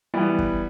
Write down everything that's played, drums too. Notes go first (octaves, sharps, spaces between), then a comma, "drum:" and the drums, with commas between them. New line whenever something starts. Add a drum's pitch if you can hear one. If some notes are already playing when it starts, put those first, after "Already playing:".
E3 G3 B3
drum: kick